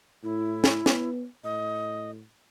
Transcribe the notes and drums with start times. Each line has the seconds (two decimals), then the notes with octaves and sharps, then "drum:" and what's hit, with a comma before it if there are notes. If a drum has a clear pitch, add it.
0.24 A2 E4
0.64 drum: snare
0.86 B3, drum: snare
1.44 A2 D#5